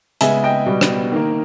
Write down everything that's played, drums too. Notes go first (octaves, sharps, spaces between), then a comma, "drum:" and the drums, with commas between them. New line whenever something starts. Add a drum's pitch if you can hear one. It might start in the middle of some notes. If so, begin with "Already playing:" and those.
C#3 G#3 B3 E5 G#5, drum: hi-hat
D#5 G5
B2 G3 B3
drum: rim click
D#3 A#3